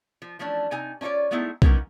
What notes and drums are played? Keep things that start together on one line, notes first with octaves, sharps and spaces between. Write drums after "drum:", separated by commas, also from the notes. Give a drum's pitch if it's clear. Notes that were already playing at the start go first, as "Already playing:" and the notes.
F3
E3 F3 A3 C#4 D4
C3 D#4 G#5
C#4 D4 F4 C#5 D5
G#3 A3 B3 D#4 E4
A#3 B3 C#4 D#4 G#4 A#4, drum: kick B1